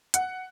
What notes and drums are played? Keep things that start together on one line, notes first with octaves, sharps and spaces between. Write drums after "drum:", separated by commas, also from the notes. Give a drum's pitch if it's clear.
F#5, drum: hi-hat